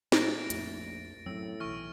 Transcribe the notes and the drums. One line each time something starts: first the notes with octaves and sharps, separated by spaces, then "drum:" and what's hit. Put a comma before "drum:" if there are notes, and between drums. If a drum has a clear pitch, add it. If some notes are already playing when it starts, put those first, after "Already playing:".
A2 A6 A#6 D7, drum: snare
A#1 F2 A3, drum: hi-hat
F#2 A2 F#3 C4 E6
B1 E3 C#6 F6